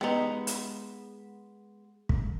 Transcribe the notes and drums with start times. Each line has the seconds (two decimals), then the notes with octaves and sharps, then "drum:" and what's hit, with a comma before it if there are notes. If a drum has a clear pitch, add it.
0.01 G3 G#3 B3 D#4
0.47 drum: hi-hat
2.09 drum: kick